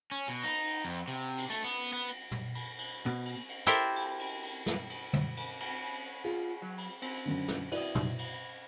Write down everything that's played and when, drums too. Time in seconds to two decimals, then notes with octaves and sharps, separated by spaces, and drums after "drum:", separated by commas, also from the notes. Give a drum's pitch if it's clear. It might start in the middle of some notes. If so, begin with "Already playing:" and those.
0.11 C#4
0.28 B2
0.44 D#4, drum: cymbal
0.67 drum: cymbal
0.85 F2
1.08 C3
1.38 drum: cymbal
1.50 A3
1.64 B3
1.93 B3
2.08 drum: cymbal
2.31 drum: tom
2.55 drum: cymbal
2.78 drum: cymbal
3.06 B2
3.25 drum: cymbal
3.49 drum: cymbal
3.67 E4 G4 A4 A#4 C5 E5
3.96 drum: cymbal
4.19 drum: cymbal
4.43 drum: cymbal
4.66 drum: snare
4.90 drum: cymbal
5.13 drum: tom
5.37 drum: cymbal
5.60 drum: cymbal
5.84 drum: cymbal
6.24 F4 G#4
6.62 F#3
6.78 drum: cymbal
7.02 C4, drum: cymbal
7.26 F#2 D3
7.48 drum: snare
7.72 E4 F#4 B4 D5 D#5, drum: cymbal
7.95 drum: tom
8.19 drum: cymbal